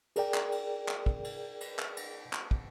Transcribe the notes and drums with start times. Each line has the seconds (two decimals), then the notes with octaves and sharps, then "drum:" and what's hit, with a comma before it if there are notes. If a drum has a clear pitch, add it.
0.16 G#4 A#4 D5 G5, drum: cymbal
0.34 drum: clap
0.52 drum: cymbal
0.88 drum: clap
1.06 drum: kick
1.24 drum: cymbal
1.61 drum: cymbal
1.79 drum: clap
1.97 drum: cymbal
2.33 drum: clap
2.51 drum: kick